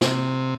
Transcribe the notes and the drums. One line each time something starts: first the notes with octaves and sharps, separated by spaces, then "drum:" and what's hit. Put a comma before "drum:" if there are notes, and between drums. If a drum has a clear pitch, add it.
C3, drum: snare